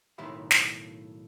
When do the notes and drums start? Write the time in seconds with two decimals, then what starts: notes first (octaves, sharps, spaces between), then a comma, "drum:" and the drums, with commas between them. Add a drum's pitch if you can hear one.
0.18 B1 A2 D#3 C5 E5 B5
0.51 drum: snare